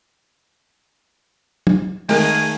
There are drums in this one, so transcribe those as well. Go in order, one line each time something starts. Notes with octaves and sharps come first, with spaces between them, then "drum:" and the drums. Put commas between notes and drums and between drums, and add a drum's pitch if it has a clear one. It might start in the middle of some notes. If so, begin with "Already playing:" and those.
drum: tom
D#3 G#3 A3 G#4 A#4, drum: open hi-hat